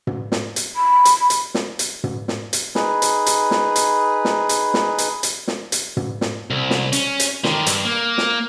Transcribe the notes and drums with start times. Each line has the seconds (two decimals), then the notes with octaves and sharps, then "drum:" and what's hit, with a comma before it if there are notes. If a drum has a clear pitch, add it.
0.07 drum: tom
0.32 drum: snare
0.56 drum: hi-hat
0.76 B5
1.05 drum: hi-hat
1.30 drum: hi-hat
1.54 drum: snare
1.79 drum: hi-hat
2.04 drum: tom
2.28 drum: snare
2.53 drum: hi-hat
2.75 D#4 G#4 B4, drum: snare
3.02 drum: hi-hat
3.26 drum: hi-hat
3.51 drum: snare
3.76 drum: hi-hat
4.25 drum: snare
4.49 drum: hi-hat
4.74 drum: snare
4.98 drum: hi-hat
5.23 drum: hi-hat
5.48 drum: snare
5.72 drum: hi-hat
5.97 drum: tom
6.21 drum: snare
6.50 C2
6.70 drum: snare
6.93 C#4, drum: hi-hat
7.20 drum: hi-hat
7.44 D3 D#3, drum: snare
7.66 G2, drum: hi-hat
7.85 A#3
8.18 drum: snare